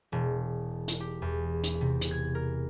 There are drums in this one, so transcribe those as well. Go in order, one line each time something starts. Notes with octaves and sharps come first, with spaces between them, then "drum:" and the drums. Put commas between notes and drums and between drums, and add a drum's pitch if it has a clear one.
E1
drum: hi-hat
G4
E2
drum: hi-hat
C3
drum: hi-hat
G#6
A#4